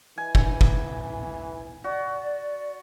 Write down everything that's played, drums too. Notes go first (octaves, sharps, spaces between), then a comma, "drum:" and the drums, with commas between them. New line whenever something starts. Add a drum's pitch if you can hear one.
E3 G#5
drum: kick
drum: kick
F#4 D5